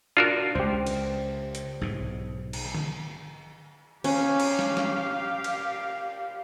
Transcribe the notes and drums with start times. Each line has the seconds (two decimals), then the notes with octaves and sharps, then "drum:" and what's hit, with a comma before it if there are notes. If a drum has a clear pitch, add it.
0.17 D4 F4 F#4 A#4
0.55 C#2 G4 C5
0.87 drum: cymbal
1.55 drum: hi-hat
1.81 B1 G#2 B2
2.53 drum: cymbal
2.75 drum: tom D3
4.04 C#4 G4 F5, drum: cymbal
4.40 drum: cymbal
4.59 drum: snare
4.77 drum: snare
5.44 drum: cymbal